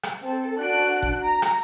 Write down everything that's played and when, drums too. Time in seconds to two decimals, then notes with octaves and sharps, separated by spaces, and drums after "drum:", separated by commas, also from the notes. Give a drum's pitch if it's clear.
0.03 drum: rim click
0.22 C4 A4
0.58 D4 F#4 F#6 D7
1.02 drum: kick G1
1.22 A#5
1.42 drum: rim click